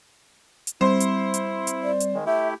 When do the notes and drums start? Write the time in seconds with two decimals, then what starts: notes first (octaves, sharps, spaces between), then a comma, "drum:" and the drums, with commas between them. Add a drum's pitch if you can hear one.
0.67 drum: hi-hat
0.81 G3 C4 E4 C5
1.00 drum: hi-hat
1.34 drum: hi-hat
1.67 drum: hi-hat
1.84 D5
2.00 drum: hi-hat
2.14 D#3 G#3
2.26 A3 E4 G4 E5